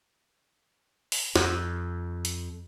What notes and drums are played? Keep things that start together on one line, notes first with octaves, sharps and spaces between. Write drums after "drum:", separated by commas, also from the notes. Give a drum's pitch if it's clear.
drum: open hi-hat
F2, drum: snare
drum: hi-hat